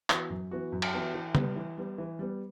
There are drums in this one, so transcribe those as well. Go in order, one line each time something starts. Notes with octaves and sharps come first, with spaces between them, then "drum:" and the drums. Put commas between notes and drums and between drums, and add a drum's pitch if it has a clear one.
E3 B3 F#4, drum: clap
F#2
E3 B3 F#4
F#2
drum: cymbal
E3 B3 F#4
E3
G3 B3, drum: tom
E3
G3 B3
E3
G3 B3